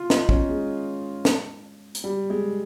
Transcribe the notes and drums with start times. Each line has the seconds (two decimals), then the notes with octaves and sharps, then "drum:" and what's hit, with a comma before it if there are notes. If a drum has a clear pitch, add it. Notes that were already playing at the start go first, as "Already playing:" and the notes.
Already playing: F4
0.10 D#4, drum: snare
0.29 C#4, drum: kick
0.49 G#3
1.25 drum: snare
1.95 drum: hi-hat
2.04 G3
2.30 G#3